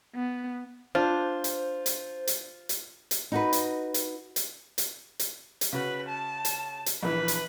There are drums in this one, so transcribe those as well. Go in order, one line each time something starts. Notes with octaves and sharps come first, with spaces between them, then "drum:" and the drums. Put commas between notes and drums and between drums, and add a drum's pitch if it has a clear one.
B3
D4 F4 C5
drum: hi-hat
drum: hi-hat
drum: hi-hat
drum: hi-hat
drum: hi-hat
D#4 F#4 B4
drum: hi-hat
drum: hi-hat
drum: hi-hat
drum: hi-hat
drum: hi-hat
drum: hi-hat
C#3 F#4 B4
A5
drum: hi-hat
drum: hi-hat
A#1 E3 B4
drum: hi-hat